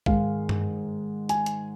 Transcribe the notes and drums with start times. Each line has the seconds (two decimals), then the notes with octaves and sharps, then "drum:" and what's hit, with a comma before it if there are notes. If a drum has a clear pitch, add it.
0.06 G#2 D#3 G#3 F5, drum: kick
0.49 drum: tom G2
1.29 G#5, drum: hi-hat
1.46 drum: hi-hat